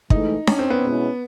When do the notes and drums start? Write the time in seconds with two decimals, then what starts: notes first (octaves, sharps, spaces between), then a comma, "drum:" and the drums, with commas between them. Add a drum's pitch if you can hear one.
0.10 G#2 E3 A3 D#4, drum: kick
0.47 C#4, drum: snare D4
0.59 C4
0.70 B3
0.83 B2 G#3 C#4 E4